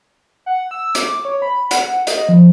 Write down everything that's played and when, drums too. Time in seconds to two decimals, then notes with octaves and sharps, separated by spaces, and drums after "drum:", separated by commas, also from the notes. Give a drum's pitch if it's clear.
0.46 F#5
0.71 E6
0.95 D6, drum: hi-hat
1.25 C#5
1.42 B5
1.71 F#5, drum: hi-hat
2.07 D#5, drum: hi-hat
2.29 F3